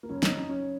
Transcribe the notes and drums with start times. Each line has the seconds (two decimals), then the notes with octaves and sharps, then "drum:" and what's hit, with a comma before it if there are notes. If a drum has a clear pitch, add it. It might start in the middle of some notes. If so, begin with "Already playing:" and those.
0.03 A#3
0.09 F#2 C#3 C#4
0.23 D#4, drum: snare
0.35 D#4
0.49 C#4